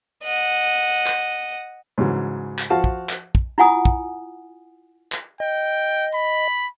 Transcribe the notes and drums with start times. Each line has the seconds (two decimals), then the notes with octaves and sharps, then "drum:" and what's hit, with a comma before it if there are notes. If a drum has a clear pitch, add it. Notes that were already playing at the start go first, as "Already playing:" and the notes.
0.24 D#5 F#5
1.06 drum: clap
1.98 G#2 C#3 E3 F#3
2.59 drum: clap
2.70 F3 F#4 F5 F#5 A5
2.84 drum: kick
3.09 drum: clap
3.35 drum: kick
3.58 E4 F4 F#5 G#5 D#6
3.85 drum: kick
5.12 drum: clap
5.40 D#5 G5
6.14 B5